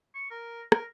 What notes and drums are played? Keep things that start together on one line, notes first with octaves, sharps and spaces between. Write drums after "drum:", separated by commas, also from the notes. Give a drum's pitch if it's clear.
C#6
A#4
A#4, drum: rim click